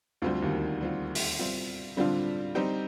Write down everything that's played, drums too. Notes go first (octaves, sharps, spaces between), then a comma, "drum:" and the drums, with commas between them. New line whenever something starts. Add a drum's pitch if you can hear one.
D2 D3 G3 C4 F4
D#2 D#3
G3 C4 F4
drum: open hi-hat
G3 C4 F4
D3 G3 C4 D4 F4
G3 C4 D#4 G4